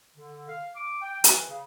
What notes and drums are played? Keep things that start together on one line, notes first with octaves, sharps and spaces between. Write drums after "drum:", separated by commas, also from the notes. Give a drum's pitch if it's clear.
D3
F5
D6
G5
E3, drum: hi-hat
C#3